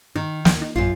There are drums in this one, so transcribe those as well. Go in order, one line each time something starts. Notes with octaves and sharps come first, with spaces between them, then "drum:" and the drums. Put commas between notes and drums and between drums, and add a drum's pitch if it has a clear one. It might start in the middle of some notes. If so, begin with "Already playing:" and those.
D#3 D#4
D2, drum: snare
D#4
A#1 F#2 F4